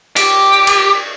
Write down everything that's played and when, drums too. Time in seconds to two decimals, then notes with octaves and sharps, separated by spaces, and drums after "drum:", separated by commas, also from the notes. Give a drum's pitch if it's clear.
0.17 G4, drum: cymbal
0.67 drum: cymbal